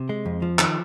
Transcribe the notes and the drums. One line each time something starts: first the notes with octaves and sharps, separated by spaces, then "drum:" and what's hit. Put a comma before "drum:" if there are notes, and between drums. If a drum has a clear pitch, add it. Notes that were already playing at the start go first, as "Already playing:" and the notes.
Already playing: C3
G#3
F2
F3
D#3, drum: clap